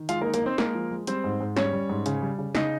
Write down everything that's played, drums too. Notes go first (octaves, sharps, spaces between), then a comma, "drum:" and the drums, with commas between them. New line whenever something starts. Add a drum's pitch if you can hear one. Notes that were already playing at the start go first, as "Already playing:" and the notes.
Already playing: D#3
G#3 F4 F5, drum: hi-hat
A#3 A#4
D#4
A#3 A#4, drum: hi-hat
C4 D#4 C5
G#3 A#3 A#4, drum: snare
F3
G#3
G3 C4 C5, drum: hi-hat
G#2
G#2
G3 C#4 C#5, drum: snare
G3
G#2
C#3, drum: hi-hat
G3
C#3
C#3 D#4 D#5, drum: snare